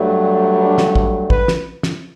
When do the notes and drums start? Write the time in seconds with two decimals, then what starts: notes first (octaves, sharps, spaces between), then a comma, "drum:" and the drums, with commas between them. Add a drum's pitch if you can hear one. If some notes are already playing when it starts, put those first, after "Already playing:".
Already playing: G2 F#3 A3
0.61 D4
0.78 drum: snare
0.95 drum: kick
1.30 B4, drum: kick
1.48 drum: snare
1.83 drum: snare